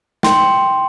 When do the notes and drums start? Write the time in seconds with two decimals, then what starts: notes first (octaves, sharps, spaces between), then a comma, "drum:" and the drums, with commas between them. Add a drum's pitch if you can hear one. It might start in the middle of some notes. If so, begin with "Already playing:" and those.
0.23 G5 C6, drum: snare